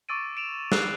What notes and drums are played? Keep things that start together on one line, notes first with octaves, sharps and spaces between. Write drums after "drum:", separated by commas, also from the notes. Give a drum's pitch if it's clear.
C#6 D6 E6 A6 D7 D#7
D7 E7 F7
E6 F#6 C7 F7, drum: snare